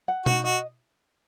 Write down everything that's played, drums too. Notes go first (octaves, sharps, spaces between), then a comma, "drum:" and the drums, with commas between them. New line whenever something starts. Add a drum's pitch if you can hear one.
F#5
D#4 F#4, drum: tom B2
F#4 D#5